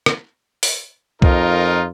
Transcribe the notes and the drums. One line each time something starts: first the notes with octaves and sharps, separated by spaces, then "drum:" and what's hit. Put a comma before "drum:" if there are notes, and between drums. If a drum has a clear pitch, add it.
drum: rim click
drum: open hi-hat
F2 D#4 F4 A#4, drum: kick B1